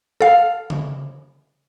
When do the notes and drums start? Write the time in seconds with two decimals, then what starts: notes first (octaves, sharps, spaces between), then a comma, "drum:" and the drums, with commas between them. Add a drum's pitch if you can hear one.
0.21 A4 F5
0.70 drum: tom C#3